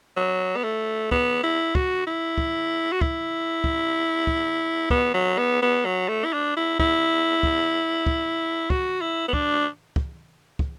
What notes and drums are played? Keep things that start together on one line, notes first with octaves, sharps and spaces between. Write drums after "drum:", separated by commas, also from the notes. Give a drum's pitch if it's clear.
F#3
B3
A3
B3, drum: kick
E4
F#4, drum: kick
E4
drum: kick
F#4
E4, drum: kick
drum: kick
drum: kick
B3, drum: kick
F#3
B3
B3
F#3
A3
E4
D4
E4
E4, drum: kick
drum: kick
drum: kick
F#4, drum: kick
E4
B3
D4, drum: kick
drum: kick
drum: kick